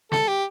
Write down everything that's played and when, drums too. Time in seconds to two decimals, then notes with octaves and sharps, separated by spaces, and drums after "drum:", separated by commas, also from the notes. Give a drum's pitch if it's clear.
0.12 A4, drum: snare
0.28 G4